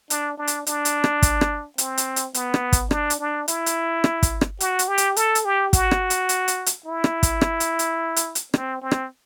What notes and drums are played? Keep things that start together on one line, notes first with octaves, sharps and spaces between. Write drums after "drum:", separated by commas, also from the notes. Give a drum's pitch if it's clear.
D4, drum: hi-hat
D4
drum: hi-hat
D4, drum: hi-hat
drum: hi-hat
drum: rim click
drum: kick, hi-hat
drum: rim click
C4, drum: hi-hat
drum: hi-hat
drum: hi-hat
B3, drum: hi-hat
drum: rim click
drum: kick, hi-hat
D4, drum: rim click
drum: hi-hat
D4
E4, drum: hi-hat
drum: hi-hat
drum: rim click
drum: kick, hi-hat
drum: rim click
F#4, drum: hi-hat
drum: hi-hat
G4
drum: hi-hat
A4, drum: hi-hat
drum: hi-hat
G4
F#4, drum: kick, hi-hat
drum: rim click
drum: hi-hat
drum: hi-hat
drum: hi-hat
drum: hi-hat
E4
drum: rim click
drum: kick, hi-hat
drum: rim click
drum: hi-hat
drum: hi-hat
drum: hi-hat
drum: hi-hat
C4, drum: rim click
C4
drum: rim click